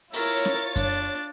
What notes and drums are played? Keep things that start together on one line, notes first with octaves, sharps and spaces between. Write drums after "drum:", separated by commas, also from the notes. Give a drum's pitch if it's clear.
E4 F4 A#4 C#5 A6, drum: open hi-hat
drum: snare C#4
D4, drum: kick F#2, hi-hat